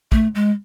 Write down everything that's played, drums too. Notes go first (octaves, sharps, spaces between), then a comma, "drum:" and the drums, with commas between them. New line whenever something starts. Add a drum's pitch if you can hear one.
A3, drum: kick
G#3